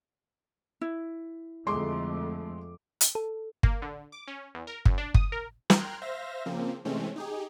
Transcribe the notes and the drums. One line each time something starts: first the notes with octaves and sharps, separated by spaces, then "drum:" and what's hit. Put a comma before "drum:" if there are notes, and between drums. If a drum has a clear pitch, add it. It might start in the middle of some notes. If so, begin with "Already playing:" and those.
E4
F2 D3 G#3 A3 C6 D6
drum: hi-hat
A4
A#3, drum: kick
D3
D6
C#4
E2
A#4
F#2, drum: kick
D4
D#6, drum: kick
A#4
G5 A#5 C6 F6 F#6 G#6, drum: snare
C5 E5 F5 A#6
C#3 F3 A#3 C4
C3 E3 G#3 A3 C4 C#4
D#4 G4 G#4